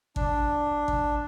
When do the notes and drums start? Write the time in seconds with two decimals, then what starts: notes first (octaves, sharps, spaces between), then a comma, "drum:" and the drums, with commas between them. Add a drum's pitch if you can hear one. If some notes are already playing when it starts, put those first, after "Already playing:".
0.16 D4, drum: kick G#1
0.88 drum: kick G#1